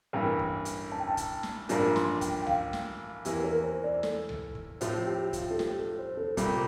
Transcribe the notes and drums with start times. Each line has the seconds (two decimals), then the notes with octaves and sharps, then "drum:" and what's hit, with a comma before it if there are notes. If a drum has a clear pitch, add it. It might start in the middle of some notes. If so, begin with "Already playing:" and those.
0.13 A1 G2 E3 A#3 G5
0.39 drum: kick
0.65 drum: hi-hat
0.92 A5
1.00 G5
1.07 A5
1.17 drum: kick, hi-hat
1.43 drum: snare
1.69 A1 G2 F3 A#3 D4 A#5, drum: hi-hat
1.96 C6, drum: snare
2.21 G5, drum: kick, hi-hat
2.42 G5
2.47 F5, drum: tom C2
2.73 drum: snare
3.25 E2 E3 A#3 G4, drum: hi-hat
3.44 A#4
3.64 C5
3.84 D5
4.03 A4, drum: snare
4.29 drum: tom C2
4.55 drum: kick
4.81 A2 F3 C4, drum: hi-hat
5.07 G4
5.33 F4, drum: kick, hi-hat
5.51 A4
5.59 G4, drum: snare
5.79 A4
5.98 C5
6.17 A4
6.37 C2 A#2 G3, drum: kick, hi-hat